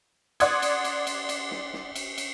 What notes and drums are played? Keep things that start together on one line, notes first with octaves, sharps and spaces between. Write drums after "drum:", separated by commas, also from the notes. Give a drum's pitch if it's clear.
D5 F#5 C6 D#6 G#6, drum: cymbal
drum: cymbal
drum: cymbal
drum: cymbal
drum: cymbal
drum: snare
drum: snare
drum: cymbal
drum: cymbal